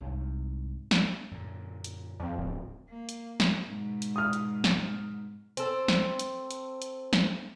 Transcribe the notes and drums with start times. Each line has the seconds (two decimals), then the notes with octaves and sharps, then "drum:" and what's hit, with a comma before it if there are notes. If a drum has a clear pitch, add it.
0.01 C2 G#2
0.91 drum: snare
1.31 F#2 A#2 D3
1.84 drum: hi-hat
2.20 F2 F3 C4
2.38 D1
2.89 A#3
3.09 drum: hi-hat
3.40 drum: snare
3.68 G#2 B2
4.02 drum: hi-hat
4.16 D#6 F6
4.33 drum: hi-hat
4.64 drum: snare
5.57 C4 A4, drum: hi-hat
5.88 drum: snare
6.19 drum: hi-hat
6.51 drum: hi-hat
6.82 drum: hi-hat
7.13 drum: snare